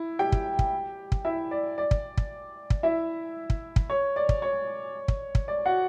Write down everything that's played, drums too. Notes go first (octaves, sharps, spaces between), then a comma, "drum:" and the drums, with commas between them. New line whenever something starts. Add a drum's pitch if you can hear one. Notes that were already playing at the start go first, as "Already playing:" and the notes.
Already playing: E4
G4 G5
drum: kick
drum: kick
drum: kick
E4 E5
D5
D5
drum: kick
drum: kick
drum: kick
E4 E5
drum: kick
drum: kick
C#5
D5
drum: kick
C#5
drum: kick
drum: kick
D5
F#4 F#5